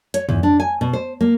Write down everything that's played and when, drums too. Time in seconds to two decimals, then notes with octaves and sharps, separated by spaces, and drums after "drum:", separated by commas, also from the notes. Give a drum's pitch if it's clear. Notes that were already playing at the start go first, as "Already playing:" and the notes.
0.14 C#5, drum: hi-hat
0.29 E2, drum: tom
0.43 D4
0.60 G#5
0.81 B2
0.93 C5
1.21 A#3